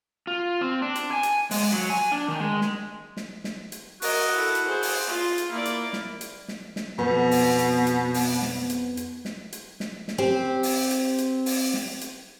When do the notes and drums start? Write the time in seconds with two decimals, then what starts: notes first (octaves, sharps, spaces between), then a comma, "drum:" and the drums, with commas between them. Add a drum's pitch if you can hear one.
0.27 F4
0.61 C4
0.82 D4
0.95 drum: hi-hat
1.13 G#5
1.23 drum: hi-hat
1.51 G#3, drum: open hi-hat
1.72 F#3
1.90 G#5
2.12 D4
2.28 D#3
2.40 G#3
2.61 drum: snare
3.17 drum: snare
3.44 drum: snare
3.72 drum: hi-hat
4.02 F#4 A#4 D#5, drum: open hi-hat
4.36 E4 A4
4.55 drum: hi-hat
4.66 G#4 C5
4.83 drum: open hi-hat
5.07 F4
5.38 drum: hi-hat
5.52 A#3 E4 D5
5.65 drum: hi-hat
5.93 drum: snare
6.21 drum: hi-hat
6.48 drum: snare
6.76 drum: snare
6.98 F2 B2 B3
7.31 drum: open hi-hat
7.59 drum: hi-hat
7.87 drum: hi-hat
8.14 drum: open hi-hat
8.42 drum: snare
8.70 drum: hi-hat
8.97 drum: hi-hat
9.25 drum: snare
9.52 drum: hi-hat
9.80 drum: snare
10.08 drum: snare
10.18 C4 G4 C5
10.63 drum: open hi-hat
10.91 drum: hi-hat
11.18 drum: hi-hat
11.46 drum: open hi-hat
11.74 drum: snare
12.01 drum: hi-hat